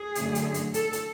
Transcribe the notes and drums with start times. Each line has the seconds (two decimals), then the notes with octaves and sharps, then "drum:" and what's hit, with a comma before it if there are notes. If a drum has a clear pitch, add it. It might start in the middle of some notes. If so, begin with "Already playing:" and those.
Already playing: G#4
0.15 F#2 D3 A3, drum: hi-hat
0.35 drum: hi-hat
0.54 drum: hi-hat
0.74 A4, drum: hi-hat
0.93 drum: hi-hat